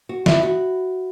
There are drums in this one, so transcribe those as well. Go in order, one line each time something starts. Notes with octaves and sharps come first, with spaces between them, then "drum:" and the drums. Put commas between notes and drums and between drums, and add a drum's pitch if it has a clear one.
F#4
E4, drum: snare
F#4